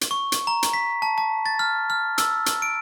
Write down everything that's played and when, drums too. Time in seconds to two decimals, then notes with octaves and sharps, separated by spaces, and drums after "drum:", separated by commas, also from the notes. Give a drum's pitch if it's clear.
0.01 drum: hi-hat
0.11 C#6
0.32 drum: hi-hat
0.47 A#5
0.63 drum: hi-hat
0.73 B6
1.02 A5
1.18 A5
1.46 A6
1.59 F6
1.90 F6
2.18 E6, drum: hi-hat
2.46 drum: hi-hat
2.62 D7